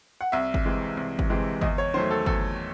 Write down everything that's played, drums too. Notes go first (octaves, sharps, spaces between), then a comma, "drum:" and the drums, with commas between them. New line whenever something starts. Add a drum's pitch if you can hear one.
F#5
C2 E5
drum: kick G1
C3 E3 G#3
C2
drum: kick G1
C3 E3 G#3
E2 D#5, drum: kick G1
C#5
D#3 F#3 A3 C5
A4
E2 A4, drum: kick G1